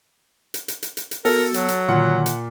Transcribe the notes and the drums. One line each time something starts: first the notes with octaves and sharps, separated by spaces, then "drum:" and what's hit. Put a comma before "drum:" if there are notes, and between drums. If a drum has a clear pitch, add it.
drum: hi-hat
drum: hi-hat
drum: hi-hat
drum: hi-hat
drum: hi-hat
B3 F#4 A4 A#4, drum: open hi-hat
F#3, drum: hi-hat
drum: hi-hat
A#2 D3 D#3 F#5
drum: hi-hat